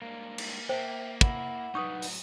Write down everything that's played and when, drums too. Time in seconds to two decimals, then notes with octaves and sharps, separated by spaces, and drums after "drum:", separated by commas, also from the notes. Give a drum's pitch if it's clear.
0.02 G#2 G3 A#3
0.38 drum: cymbal
0.69 A#3 C5 E5 G5
1.21 E4 F#5, drum: kick
1.75 A2 F#3 D#4 B4 C#6 D#6
2.02 drum: open hi-hat